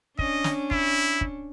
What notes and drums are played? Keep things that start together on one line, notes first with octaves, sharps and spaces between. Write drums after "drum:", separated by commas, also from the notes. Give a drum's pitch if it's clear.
C#4 D4 D#5, drum: kick
drum: snare
E4, drum: kick
drum: kick